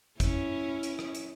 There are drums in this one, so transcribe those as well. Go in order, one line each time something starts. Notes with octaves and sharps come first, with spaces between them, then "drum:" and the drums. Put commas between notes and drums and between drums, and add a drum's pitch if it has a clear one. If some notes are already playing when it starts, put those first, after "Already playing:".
C#4 E4, drum: kick G#1, hi-hat
drum: hi-hat
drum: rim click
drum: hi-hat